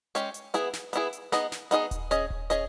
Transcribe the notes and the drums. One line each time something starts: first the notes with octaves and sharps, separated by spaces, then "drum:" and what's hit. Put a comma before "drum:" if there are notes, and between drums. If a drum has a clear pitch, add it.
G#3 C#4 G4, drum: hi-hat
drum: hi-hat
B3 E4 G#4, drum: hi-hat
drum: snare
B3 E4 G#4, drum: hi-hat
drum: hi-hat
B3 D#4 G#4 D#5, drum: snare
drum: snare
B3 D#4 G#4 D#5, drum: hi-hat
drum: kick D#1, hi-hat
C#4 G#4 D#5, drum: hi-hat
drum: kick D#1
C#4 G#4 D#5, drum: hi-hat